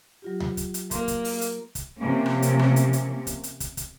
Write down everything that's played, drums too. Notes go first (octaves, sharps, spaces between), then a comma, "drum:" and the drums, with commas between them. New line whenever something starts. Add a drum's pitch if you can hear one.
F#3 F4 G4
drum: tom D2
drum: kick, hi-hat
drum: hi-hat
A#3 C6, drum: kick, hi-hat
drum: kick, hi-hat
drum: open hi-hat
drum: hi-hat
drum: kick, hi-hat
C3 F3 A#3 C#4
drum: rim click
drum: hi-hat
drum: rim click
drum: hi-hat
drum: hi-hat
drum: kick, hi-hat
drum: hi-hat
drum: kick, hi-hat
drum: kick, hi-hat